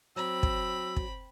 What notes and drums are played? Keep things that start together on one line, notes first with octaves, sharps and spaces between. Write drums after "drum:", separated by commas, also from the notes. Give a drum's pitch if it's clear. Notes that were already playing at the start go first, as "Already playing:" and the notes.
F#3 C4 B5 E6
drum: kick
drum: kick